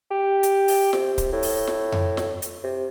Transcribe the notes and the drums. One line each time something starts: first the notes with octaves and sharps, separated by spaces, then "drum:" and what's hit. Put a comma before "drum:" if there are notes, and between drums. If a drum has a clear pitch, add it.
G4
drum: hi-hat
drum: open hi-hat
C3, drum: snare
drum: kick C#1, hi-hat
A2
drum: open hi-hat
drum: snare
drum: tom F2
drum: snare
drum: hi-hat
C3